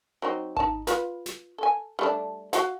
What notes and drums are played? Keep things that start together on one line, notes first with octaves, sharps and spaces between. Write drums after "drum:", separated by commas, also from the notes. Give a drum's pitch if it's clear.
F#3 C4 D#4
D#4 A5, drum: kick G#1
F4 B4, drum: snare
drum: snare
A4 G#5
G3 A3 D4
F#4 F5 F#5, drum: snare